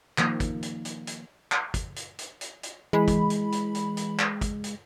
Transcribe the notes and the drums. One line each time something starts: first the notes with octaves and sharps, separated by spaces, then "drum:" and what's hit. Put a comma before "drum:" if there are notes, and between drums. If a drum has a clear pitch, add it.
D#3 F3 A#3, drum: clap
drum: kick, hi-hat
drum: hi-hat
drum: hi-hat
drum: hi-hat
drum: clap
drum: kick, hi-hat
drum: hi-hat
drum: hi-hat
drum: hi-hat
drum: hi-hat
E3 G#3 B5
drum: kick, hi-hat
drum: hi-hat
drum: hi-hat
drum: hi-hat
drum: hi-hat
drum: clap
drum: kick, hi-hat
drum: hi-hat